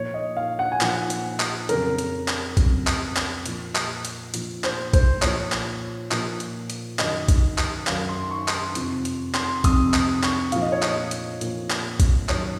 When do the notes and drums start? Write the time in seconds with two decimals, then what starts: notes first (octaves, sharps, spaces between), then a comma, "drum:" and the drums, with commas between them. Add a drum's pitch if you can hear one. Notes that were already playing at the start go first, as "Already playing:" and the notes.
Already playing: A#2 F3 C#5
0.14 D#5
0.37 F5
0.59 F#5
0.72 G#5
0.81 A#2 F3 F#5, drum: clap
1.10 drum: hi-hat
1.40 drum: clap
1.69 F2 C#3 F#3 A#4, drum: hi-hat
1.98 drum: hi-hat
2.28 drum: clap
2.57 F2 C#3 F#3, drum: kick B1, hi-hat
2.87 drum: clap
3.16 drum: clap
3.46 A#2 F3, drum: hi-hat
3.75 drum: clap
4.05 drum: hi-hat
4.34 A#2 F3, drum: hi-hat
4.64 C5, drum: clap
4.93 C5, drum: kick B1, hi-hat
5.22 A#2 F3 C#5, drum: clap
5.52 drum: clap
6.11 A#2 F3, drum: clap
6.40 drum: hi-hat
6.70 drum: hi-hat
6.99 F#2 D#3 F#3 D#5, drum: clap
7.28 drum: kick B1, hi-hat
7.58 drum: clap
7.87 F#2 D#3 F#3 F5, drum: clap
8.09 C6
8.31 C#6
8.48 C6, drum: clap
8.53 C#6
8.75 F2 C3 F3, drum: hi-hat
9.05 drum: hi-hat
9.34 C6, drum: clap
9.64 F2 C3 F3 D#6, drum: kick B1, hi-hat
9.93 drum: clap
10.23 C#6, drum: clap
10.52 A#2 F3 F5, drum: hi-hat
10.62 D#5
10.72 C#5
10.82 D#5, drum: clap
11.11 drum: hi-hat
11.41 A#2 F3, drum: hi-hat
11.70 drum: clap
12.00 drum: kick B1, hi-hat
12.29 F#2 D#3 F#3 C#5, drum: clap